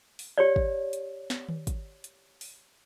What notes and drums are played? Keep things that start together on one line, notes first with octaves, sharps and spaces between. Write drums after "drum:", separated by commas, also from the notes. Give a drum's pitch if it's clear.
drum: open hi-hat
G4 C#5 D5
drum: kick
drum: hi-hat
drum: snare
drum: tom D#3
drum: kick, hi-hat
drum: hi-hat
drum: open hi-hat